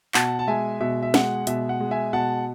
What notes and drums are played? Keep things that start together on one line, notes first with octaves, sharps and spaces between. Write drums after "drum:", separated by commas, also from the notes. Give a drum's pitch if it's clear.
B2 F#5 A5, drum: clap
A5
G#3 E5 G#5
B2 E5
E5
G#3 F#5, drum: snare
B2 E5, drum: hi-hat
F#5
G#3
E5 G#5
B2 F#5 A5